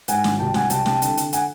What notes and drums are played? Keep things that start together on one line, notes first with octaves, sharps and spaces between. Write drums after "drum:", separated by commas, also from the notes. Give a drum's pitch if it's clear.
G#2 F#5 G#5, drum: hi-hat
G#1, drum: snare
C2 G5 A5
C2 F#5 G#5, drum: snare
C2 G5 A5, drum: hi-hat
C3 G5 A5, drum: snare
D3, drum: hi-hat
D3, drum: hi-hat
F#5 G#5, drum: hi-hat